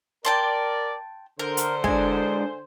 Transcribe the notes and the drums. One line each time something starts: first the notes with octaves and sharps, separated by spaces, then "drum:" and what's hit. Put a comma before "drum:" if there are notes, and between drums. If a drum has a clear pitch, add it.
A#4 D5 G5 A5 C6
D3 A#4 C5
drum: hi-hat
G#3 D4 G#5, drum: kick